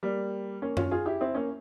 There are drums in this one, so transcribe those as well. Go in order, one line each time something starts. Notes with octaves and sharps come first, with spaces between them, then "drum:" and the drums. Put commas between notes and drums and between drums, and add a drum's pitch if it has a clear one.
G3 A#3
A#3 C#4
C#4 F4, drum: tom F#2
F4 G#4
E4 G4
C4 E4
A#3 C#4